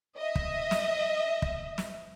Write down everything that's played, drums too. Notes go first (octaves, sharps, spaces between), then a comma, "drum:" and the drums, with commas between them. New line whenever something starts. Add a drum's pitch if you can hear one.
D#5 E5
drum: kick
drum: snare
drum: kick
drum: snare